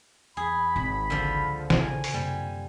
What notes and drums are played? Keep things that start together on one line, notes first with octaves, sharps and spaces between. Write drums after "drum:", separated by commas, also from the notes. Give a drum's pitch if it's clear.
E2 G#4 B5
G#1
C#2 D3 F3
A#1 C#3 G#5, drum: snare
drum: open hi-hat
F#2 C3 G3 A#3